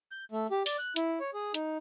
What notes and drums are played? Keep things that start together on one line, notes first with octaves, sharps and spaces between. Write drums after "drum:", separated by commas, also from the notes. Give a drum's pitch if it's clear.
G6
A3
G4
D5, drum: open hi-hat
F#6
E4, drum: hi-hat
C#5
G#4
D#4, drum: hi-hat